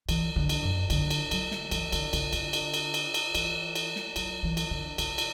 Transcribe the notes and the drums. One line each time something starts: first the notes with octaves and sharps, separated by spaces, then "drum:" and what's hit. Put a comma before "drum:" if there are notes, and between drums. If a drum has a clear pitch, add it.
E3, drum: cymbal
D3
drum: cymbal
F#2
D3, drum: cymbal
drum: cymbal
F#3, drum: cymbal
drum: snare
E3, drum: cymbal
D3, drum: cymbal
C#3, drum: cymbal
D3, drum: cymbal
drum: cymbal
drum: cymbal
drum: cymbal
drum: cymbal
E3, drum: cymbal
drum: cymbal
drum: snare
F#3, drum: cymbal
E3
drum: cymbal
D3
C#3, drum: cymbal
drum: cymbal